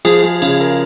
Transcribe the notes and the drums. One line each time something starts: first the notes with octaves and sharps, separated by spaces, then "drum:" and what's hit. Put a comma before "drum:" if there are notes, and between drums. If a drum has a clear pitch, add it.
F3 G#4, drum: cymbal
F3
C#3, drum: cymbal
A#4